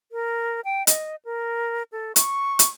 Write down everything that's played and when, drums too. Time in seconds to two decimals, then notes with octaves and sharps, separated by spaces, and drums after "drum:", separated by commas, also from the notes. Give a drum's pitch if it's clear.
0.12 A#4
0.65 G5
0.87 D#5, drum: hi-hat
1.25 A#4
1.92 A4
2.16 C#6, drum: hi-hat
2.59 drum: hi-hat